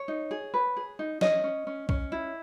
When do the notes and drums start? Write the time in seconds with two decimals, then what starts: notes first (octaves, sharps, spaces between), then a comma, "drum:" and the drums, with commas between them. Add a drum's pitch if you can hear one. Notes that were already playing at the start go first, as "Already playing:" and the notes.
Already playing: C#5
0.08 D#4
0.31 G#4
0.54 B4
0.77 G#4
0.99 D#4
1.21 C#4 D#5, drum: snare
1.44 C#4
1.67 C#4
1.89 C#4, drum: kick
2.12 E4